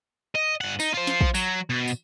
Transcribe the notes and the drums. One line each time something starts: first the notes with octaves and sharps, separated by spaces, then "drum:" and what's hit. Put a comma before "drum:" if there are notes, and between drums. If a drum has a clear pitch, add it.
D#5
G2 F#5
D#4, drum: tambourine
F4 C5
drum: snare
drum: kick
F#3, drum: tambourine
B2
drum: tambourine